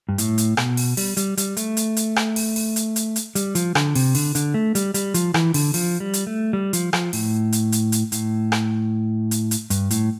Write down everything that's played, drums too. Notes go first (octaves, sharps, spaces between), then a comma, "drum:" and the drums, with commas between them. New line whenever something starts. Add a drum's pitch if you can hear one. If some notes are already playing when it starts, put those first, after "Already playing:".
G2
A2, drum: hi-hat
drum: hi-hat
B2, drum: rim click
drum: open hi-hat
G3, drum: open hi-hat
G3, drum: hi-hat
G3, drum: hi-hat
A3, drum: hi-hat
drum: hi-hat
drum: hi-hat
drum: rim click
drum: open hi-hat
drum: open hi-hat
drum: hi-hat
drum: hi-hat
drum: hi-hat
G3, drum: hi-hat
F3, drum: hi-hat
D3, drum: rim click
C3, drum: open hi-hat
D3, drum: open hi-hat
D3, drum: hi-hat
A3
G3, drum: hi-hat
G3, drum: hi-hat
F3, drum: hi-hat
E3, drum: rim click
D3, drum: open hi-hat
F3, drum: open hi-hat
G3
drum: hi-hat
A3
G3
F3, drum: hi-hat
F3, drum: rim click
A2, drum: open hi-hat
drum: hi-hat
drum: hi-hat
drum: hi-hat
A2, drum: hi-hat
drum: rim click
drum: hi-hat
drum: hi-hat
G2, drum: hi-hat
A2, drum: hi-hat